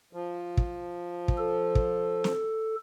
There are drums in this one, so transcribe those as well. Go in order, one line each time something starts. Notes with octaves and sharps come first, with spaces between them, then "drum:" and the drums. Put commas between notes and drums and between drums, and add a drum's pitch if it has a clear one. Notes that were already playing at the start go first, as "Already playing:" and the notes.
F3
drum: kick
drum: kick
A4
drum: kick
drum: snare